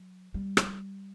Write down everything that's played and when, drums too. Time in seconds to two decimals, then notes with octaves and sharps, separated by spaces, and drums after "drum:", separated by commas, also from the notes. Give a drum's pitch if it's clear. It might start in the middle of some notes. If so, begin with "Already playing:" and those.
Already playing: F#3
0.34 G3
0.57 drum: rim click